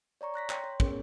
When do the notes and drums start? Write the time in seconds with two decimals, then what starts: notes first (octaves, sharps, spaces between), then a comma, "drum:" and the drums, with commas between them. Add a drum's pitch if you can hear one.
0.21 C#5 D5 A#5 C#6
0.34 A#5 F#6 A#6 B6
0.50 C#5 G5 C6, drum: clap
0.64 C#5
0.80 B3 C#4 G#4 A#4 C#5, drum: kick